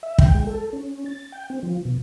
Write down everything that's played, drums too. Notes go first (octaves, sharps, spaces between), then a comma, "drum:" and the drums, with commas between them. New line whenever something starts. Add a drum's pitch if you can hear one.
E5
G5, drum: kick
G#3
A4
C#4
A6
G5
C4
F3
B2